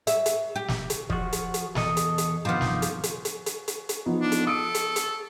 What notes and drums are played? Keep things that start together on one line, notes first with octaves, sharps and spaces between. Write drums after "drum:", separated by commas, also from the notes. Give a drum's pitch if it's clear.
E5, drum: hi-hat
drum: hi-hat
G4
drum: snare
drum: hi-hat
F3 F#4, drum: kick
drum: hi-hat
drum: hi-hat
E2 A4 D#5, drum: snare
drum: hi-hat
drum: hi-hat
G2 C3 D#3 F3 B3
drum: snare
drum: hi-hat
drum: hi-hat
drum: hi-hat
drum: hi-hat
drum: hi-hat
drum: hi-hat
F3 B3 D#4
D4
drum: hi-hat
A4 D#6 D7
drum: hi-hat
drum: hi-hat